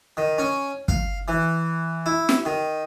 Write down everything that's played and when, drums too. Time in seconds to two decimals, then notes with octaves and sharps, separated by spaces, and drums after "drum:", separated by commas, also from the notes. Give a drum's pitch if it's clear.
0.17 D#3
0.38 C#4
0.88 F5, drum: kick G1
1.28 E3
2.06 E4
2.29 drum: snare
2.45 D#3